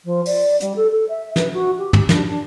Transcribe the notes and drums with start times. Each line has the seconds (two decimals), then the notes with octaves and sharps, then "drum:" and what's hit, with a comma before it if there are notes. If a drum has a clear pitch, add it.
0.04 F3
0.26 D5, drum: open hi-hat
0.61 G3, drum: hi-hat
0.76 A4
0.91 A4
1.08 E5
1.36 B4, drum: snare
1.53 F#4
1.78 G4
1.93 drum: tom
2.09 D4, drum: snare
2.28 D4